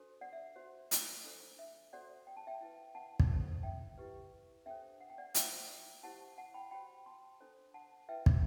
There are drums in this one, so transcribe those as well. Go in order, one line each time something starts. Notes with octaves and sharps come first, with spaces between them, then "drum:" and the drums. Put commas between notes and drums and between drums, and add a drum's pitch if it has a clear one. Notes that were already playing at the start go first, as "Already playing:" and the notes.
Already playing: D4 F#4 A4 C5
D5 F#5
E5
F#4 C5
drum: hi-hat
D4 A4 C5
E5
F#4 A4 C5 D5 F#5
G5
A5
E5 G5
E4 B4
F#5 A5
drum: kick
E4 A4 C5
E5 G5
E4 G4 B4
D4 A4 C5 E5 G5
F#5
G5
D5 F#5
F#4 C5 E5 G5, drum: hi-hat
E4 G4 C5 F#5 A5
F#5 A5
G5 B5
F#4 C5 G5 B5
A5 C6
D4 A4 C5
F#5 A5
E4 B4 E5 G5
drum: kick